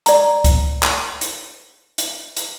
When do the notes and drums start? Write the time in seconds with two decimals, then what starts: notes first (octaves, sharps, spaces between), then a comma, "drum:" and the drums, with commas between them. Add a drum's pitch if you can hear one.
0.06 D5 A#5, drum: hi-hat
0.44 drum: kick C#2, hi-hat
0.83 drum: clap
1.21 drum: hi-hat
1.98 drum: hi-hat
2.37 drum: hi-hat